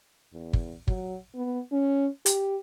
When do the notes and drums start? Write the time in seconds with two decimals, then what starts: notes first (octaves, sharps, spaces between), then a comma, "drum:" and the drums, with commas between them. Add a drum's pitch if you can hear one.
0.33 E2
0.53 drum: kick
0.88 F#3, drum: kick
1.35 B3
1.72 C#4
2.26 G4, drum: hi-hat